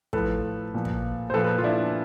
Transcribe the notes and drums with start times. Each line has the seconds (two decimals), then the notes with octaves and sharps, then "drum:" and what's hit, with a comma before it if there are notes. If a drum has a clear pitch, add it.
0.13 A2 F3 A4 B4, drum: kick
0.74 A#2 F3
0.85 drum: kick
1.30 C5
1.34 A#2 F3 A4 B4
1.44 A4 B4
1.58 F4
1.64 D4 E4